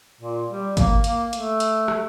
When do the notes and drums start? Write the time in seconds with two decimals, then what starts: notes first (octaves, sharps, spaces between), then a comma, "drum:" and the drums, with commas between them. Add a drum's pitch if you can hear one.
0.21 A#2
0.49 G3
0.77 A#3, drum: kick G#1, hi-hat
1.04 A#3, drum: hi-hat
1.33 A3, drum: hi-hat
1.60 drum: hi-hat
1.88 drum: rim click